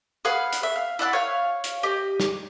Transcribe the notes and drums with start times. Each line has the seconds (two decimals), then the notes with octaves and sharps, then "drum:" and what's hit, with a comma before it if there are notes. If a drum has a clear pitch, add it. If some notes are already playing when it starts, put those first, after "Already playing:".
0.25 G#4 B4 F5 F#5
0.53 drum: hi-hat
0.63 E5
0.76 F5
0.99 E4 D5 F#5 E6
1.13 C#5 F5
1.64 drum: hi-hat
1.83 G4 D#5
2.20 drum: snare